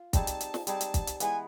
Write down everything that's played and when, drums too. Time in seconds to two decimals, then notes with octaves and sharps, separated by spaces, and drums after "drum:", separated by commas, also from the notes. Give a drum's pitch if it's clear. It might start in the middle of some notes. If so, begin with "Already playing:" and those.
Already playing: F4
0.13 G3 C4 D#4 G#4 A5, drum: kick, hi-hat
0.27 drum: hi-hat
0.41 drum: hi-hat
0.54 drum: snare
0.67 G3 C4 D#4 G#4 A5, drum: hi-hat
0.81 drum: hi-hat
0.94 drum: kick, hi-hat
1.07 drum: hi-hat
1.20 E3 G#3 B3 G#5, drum: hi-hat